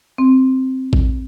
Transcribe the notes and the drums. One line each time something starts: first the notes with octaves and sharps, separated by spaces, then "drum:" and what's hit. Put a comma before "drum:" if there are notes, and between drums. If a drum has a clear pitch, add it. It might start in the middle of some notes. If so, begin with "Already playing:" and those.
C4
drum: kick A1